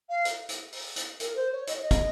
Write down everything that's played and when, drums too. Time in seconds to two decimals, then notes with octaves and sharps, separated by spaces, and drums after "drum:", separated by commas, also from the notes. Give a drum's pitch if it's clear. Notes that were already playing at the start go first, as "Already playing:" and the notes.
0.09 F5
0.25 drum: hi-hat
0.49 drum: hi-hat
0.72 drum: open hi-hat
0.96 drum: hi-hat
1.20 A#4, drum: hi-hat
1.35 C5
1.52 C#5
1.67 D#5, drum: hi-hat
1.75 C#5
1.82 D#5
1.91 drum: kick, hi-hat